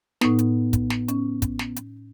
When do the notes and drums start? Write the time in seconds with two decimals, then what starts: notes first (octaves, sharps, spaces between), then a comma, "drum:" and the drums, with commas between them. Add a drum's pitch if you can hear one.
0.21 A2 B3 D#4, drum: snare
0.39 drum: hi-hat
0.73 drum: kick, hi-hat
0.90 drum: snare
1.08 C#4, drum: hi-hat
1.42 drum: kick, hi-hat
1.59 drum: snare
1.76 drum: hi-hat